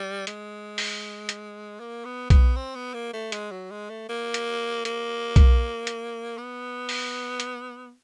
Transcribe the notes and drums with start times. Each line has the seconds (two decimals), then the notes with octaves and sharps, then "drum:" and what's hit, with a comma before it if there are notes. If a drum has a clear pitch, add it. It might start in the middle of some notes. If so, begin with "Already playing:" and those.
Already playing: G3
0.27 G#3, drum: hi-hat
0.78 drum: open hi-hat
1.29 drum: hi-hat
1.80 A#3
2.05 B3
2.30 B3, drum: kick B1, hi-hat
2.56 C4
2.75 B3
2.94 A#3
3.13 A3
3.32 G#3, drum: hi-hat
3.51 F#3
3.71 G#3
3.90 A3
4.09 A#3
4.34 drum: hi-hat
4.85 A#3, drum: hi-hat
5.36 drum: kick B1, hi-hat
5.87 drum: hi-hat
6.38 B3
6.89 drum: open hi-hat
7.40 drum: hi-hat